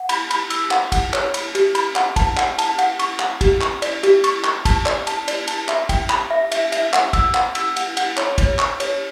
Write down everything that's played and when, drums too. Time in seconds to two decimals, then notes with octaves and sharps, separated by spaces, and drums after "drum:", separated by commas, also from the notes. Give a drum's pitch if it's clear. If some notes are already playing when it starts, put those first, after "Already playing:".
Already playing: F#5
0.09 B5, drum: cymbal
0.31 B5, drum: cymbal
0.50 E6, drum: cymbal
0.71 F#5, drum: clap
0.92 F#5, drum: kick, cymbal
1.13 C#5, drum: clap
1.34 B5, drum: cymbal
1.55 G4, drum: cymbal
1.75 B5, drum: cymbal
1.96 F#5, drum: clap
2.16 A5, drum: kick, cymbal
2.37 F#5, drum: clap
2.59 A5, drum: cymbal
2.79 F#5, drum: cymbal
2.99 C#6, drum: cymbal
3.20 F#5, drum: clap
3.41 G4, drum: kick, cymbal
3.61 C#6, drum: clap
3.82 D5, drum: cymbal
4.03 G4, drum: cymbal
4.24 C#6, drum: cymbal
4.44 C#6, drum: clap
4.65 A5, drum: kick, cymbal
4.86 D5, drum: clap
5.07 A5, drum: cymbal
5.28 D5, drum: cymbal
5.48 A5, drum: cymbal
5.69 E5, drum: clap
5.89 G5, drum: kick, cymbal
6.10 B5, drum: clap
6.31 E5
6.52 E5, drum: cymbal
6.72 E5, drum: cymbal
6.93 F#5, drum: clap
7.13 E6, drum: kick, cymbal
7.34 F#5, drum: clap
7.55 E6, drum: cymbal
7.76 F#5, drum: cymbal
7.97 F#5, drum: cymbal
8.17 C#5, drum: clap
8.38 C#5, drum: kick, cymbal
8.59 C#6, drum: clap
8.80 C#5, drum: cymbal